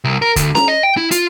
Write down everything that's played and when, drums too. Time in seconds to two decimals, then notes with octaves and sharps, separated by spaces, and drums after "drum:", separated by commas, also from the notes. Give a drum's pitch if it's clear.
0.04 C2
0.22 A#4
0.36 D2, drum: kick, hi-hat
0.55 A#5, drum: snare C#4
0.68 D#5
0.83 G5
0.97 E4
1.11 F4, drum: hi-hat